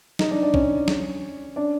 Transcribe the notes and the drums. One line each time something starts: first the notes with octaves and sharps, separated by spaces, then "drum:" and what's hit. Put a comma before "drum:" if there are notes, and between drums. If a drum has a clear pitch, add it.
D#4, drum: snare
D4
D4
C#4, drum: kick A#1
drum: snare
D4